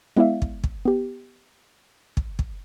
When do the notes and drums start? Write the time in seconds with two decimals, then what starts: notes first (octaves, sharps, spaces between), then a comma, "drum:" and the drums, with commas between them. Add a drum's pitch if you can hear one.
0.16 G#3 B3 E4 D5 E5 F5
0.42 drum: kick
0.64 drum: kick
0.85 B3 G4
2.17 drum: kick
2.39 drum: kick